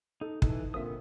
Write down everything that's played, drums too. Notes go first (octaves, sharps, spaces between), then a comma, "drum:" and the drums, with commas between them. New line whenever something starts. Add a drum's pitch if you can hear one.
D#4 A4
E3 D#4 A4, drum: kick
A#2 D3 C4 E5 D#6
B3